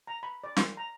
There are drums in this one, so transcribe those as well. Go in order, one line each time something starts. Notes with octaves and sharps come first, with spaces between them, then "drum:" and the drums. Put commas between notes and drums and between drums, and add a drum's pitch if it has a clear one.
A#5
B5
D5
C6, drum: snare
A#5